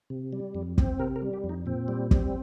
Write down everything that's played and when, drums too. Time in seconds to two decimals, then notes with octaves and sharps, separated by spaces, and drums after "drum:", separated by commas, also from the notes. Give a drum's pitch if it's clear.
0.10 C3
0.33 G3
0.55 F2
0.78 C4, drum: kick
0.99 C3 A#4
1.16 A#4
1.22 G3
1.33 G4
1.44 F2
1.49 D#4
1.66 A#2 C4
1.88 G3
2.11 C4, drum: kick